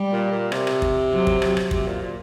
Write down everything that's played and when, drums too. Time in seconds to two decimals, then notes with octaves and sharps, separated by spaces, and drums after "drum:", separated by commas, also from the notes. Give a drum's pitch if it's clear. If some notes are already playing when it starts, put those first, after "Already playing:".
Already playing: G3
0.12 A#2
0.32 A#2
0.52 C3, drum: rim click
0.67 drum: rim click
0.82 drum: kick
1.12 F#3
1.27 drum: kick
1.42 drum: rim click
1.57 drum: rim click
1.71 C3, drum: kick
1.87 A#2
2.02 A#2